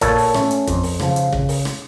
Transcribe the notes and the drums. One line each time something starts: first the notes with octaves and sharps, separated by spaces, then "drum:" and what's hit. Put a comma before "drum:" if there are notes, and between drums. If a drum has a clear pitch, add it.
A#2 A4 C#5, drum: kick, hi-hat
drum: open hi-hat
A3 C#4, drum: rim click
drum: hi-hat
F2, drum: kick, hi-hat
drum: open hi-hat
C#3 F3, drum: rim click
drum: hi-hat
C#3, drum: kick
drum: open hi-hat
drum: rim click